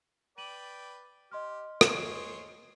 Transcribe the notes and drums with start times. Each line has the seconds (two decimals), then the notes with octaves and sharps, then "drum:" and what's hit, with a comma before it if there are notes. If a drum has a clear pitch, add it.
0.38 B4 D5 G5 D#7 F#7
1.31 G4 D#5 C6 F6
1.81 G#4 C5 C#5, drum: rim click